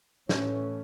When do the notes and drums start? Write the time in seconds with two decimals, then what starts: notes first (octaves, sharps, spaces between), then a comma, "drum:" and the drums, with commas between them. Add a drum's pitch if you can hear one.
0.29 A2 E3 A3 C#4, drum: snare